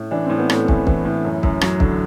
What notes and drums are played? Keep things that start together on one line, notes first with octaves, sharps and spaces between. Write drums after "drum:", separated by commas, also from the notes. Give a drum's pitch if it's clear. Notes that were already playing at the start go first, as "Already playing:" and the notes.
Already playing: A2
E3 D4
A2 C4
B3
A2 A3, drum: rim click
E3, drum: kick
E3, drum: kick
A2
F#2
F#2, drum: kick
F#3, drum: rim click
D3, drum: kick